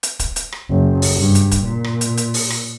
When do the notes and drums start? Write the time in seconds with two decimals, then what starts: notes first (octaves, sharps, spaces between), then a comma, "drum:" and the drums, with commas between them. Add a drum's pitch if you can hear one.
0.03 drum: hi-hat
0.19 drum: kick D1, hi-hat
0.36 drum: hi-hat
0.52 drum: rim click
0.69 F#1
1.02 drum: open hi-hat
1.14 G2
1.35 drum: hi-hat
1.51 drum: kick D1, hi-hat
1.63 A#2
1.84 drum: rim click
2.01 drum: hi-hat
2.17 drum: hi-hat
2.34 drum: open hi-hat
2.50 drum: rim click